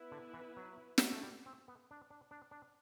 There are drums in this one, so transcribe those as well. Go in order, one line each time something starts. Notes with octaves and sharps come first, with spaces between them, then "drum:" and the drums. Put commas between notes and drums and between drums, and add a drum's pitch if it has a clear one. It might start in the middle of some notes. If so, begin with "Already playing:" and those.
Already playing: B3 E4 B4
D3
E3
F#3
drum: snare
A3
G3
C4
B3
D4
D4
D4
D4